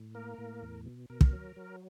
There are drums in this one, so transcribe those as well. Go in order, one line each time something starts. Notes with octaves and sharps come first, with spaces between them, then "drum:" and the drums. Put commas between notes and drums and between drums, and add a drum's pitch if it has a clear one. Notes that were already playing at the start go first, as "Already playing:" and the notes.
Already playing: A2
A#3 A#4
A2
E2
B2
B2 A#4
drum: kick
F#3
F#3